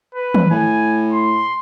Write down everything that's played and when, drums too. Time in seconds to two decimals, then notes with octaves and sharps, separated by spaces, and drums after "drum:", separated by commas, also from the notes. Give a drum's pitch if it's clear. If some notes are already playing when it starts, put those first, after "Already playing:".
0.15 B4
0.34 drum: tom
0.51 A2 G#5
1.13 C6